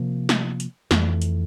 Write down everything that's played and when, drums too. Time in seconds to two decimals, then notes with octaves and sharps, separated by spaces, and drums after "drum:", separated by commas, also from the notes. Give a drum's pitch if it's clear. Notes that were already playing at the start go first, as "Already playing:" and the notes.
Already playing: C3 F3 A#3
0.29 drum: snare
0.60 drum: hi-hat
0.91 F2 E3 A3, drum: snare
1.22 drum: hi-hat